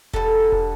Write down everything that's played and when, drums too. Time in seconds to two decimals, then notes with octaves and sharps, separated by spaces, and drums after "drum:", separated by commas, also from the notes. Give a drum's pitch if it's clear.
0.14 D3 G3 A4, drum: kick E1
0.52 drum: kick E1